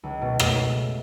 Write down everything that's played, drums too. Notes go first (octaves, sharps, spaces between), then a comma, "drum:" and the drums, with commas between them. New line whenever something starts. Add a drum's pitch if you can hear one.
C#2
B2
A3, drum: rim click